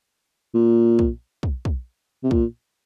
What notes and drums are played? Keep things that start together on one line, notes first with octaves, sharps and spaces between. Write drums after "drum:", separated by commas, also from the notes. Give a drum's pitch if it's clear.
A#2
drum: kick
drum: kick
drum: kick
C3
A#2, drum: kick